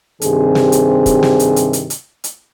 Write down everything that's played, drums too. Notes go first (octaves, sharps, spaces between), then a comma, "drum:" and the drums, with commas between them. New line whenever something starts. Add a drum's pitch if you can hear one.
G2 C3 D#3 C4 G#4, drum: hi-hat
drum: snare
drum: hi-hat
drum: kick, hi-hat
drum: snare
drum: hi-hat
drum: hi-hat
drum: hi-hat
drum: hi-hat
drum: hi-hat